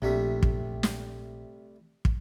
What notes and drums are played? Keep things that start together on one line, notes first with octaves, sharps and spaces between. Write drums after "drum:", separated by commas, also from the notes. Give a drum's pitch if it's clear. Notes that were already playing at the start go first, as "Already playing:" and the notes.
A#1 C3 G3 A3
drum: kick
drum: snare
drum: kick